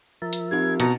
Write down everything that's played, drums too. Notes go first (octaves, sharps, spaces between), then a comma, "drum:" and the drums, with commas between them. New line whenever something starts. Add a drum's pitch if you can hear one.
F3 A#4 E5 A6
drum: hi-hat
C4 D#4 G4 G#6
B2 A#5 A6 A#6 C#7, drum: hi-hat